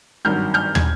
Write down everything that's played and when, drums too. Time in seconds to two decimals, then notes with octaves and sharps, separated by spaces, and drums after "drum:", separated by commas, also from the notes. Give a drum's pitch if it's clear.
0.25 G#1 G2 D#3 F#3 F6 G6
0.54 F6 G6
0.75 G#6, drum: tom